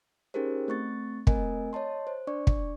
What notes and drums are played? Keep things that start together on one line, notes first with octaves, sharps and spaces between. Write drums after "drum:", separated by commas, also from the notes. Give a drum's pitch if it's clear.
C#4 D#4 G4 G#4 A#4 C5
A3 C4 C#6 A6
A3 C4 A#4 D#5 G#5, drum: kick
C#5 D#5 A5 C6
C5
D4 D5 C#6
drum: kick